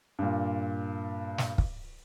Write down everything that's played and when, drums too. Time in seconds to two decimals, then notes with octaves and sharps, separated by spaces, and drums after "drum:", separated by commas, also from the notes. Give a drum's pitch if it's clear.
0.19 G2 A#2
1.38 drum: snare
1.58 drum: kick